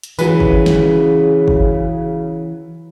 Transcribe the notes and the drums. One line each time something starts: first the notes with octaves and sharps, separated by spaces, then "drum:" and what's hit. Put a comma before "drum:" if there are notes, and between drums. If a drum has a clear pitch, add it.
drum: hi-hat
C#3 E3 F#3 B4, drum: tambourine
drum: kick
drum: snare
drum: kick